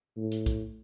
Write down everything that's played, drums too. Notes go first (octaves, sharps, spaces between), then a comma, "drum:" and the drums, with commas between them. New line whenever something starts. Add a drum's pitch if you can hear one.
A2
drum: hi-hat
drum: kick B1, hi-hat